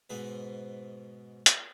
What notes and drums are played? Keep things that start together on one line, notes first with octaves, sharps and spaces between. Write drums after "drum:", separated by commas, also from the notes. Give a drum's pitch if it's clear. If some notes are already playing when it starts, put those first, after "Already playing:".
G#2 B2 G#4 B4
drum: hi-hat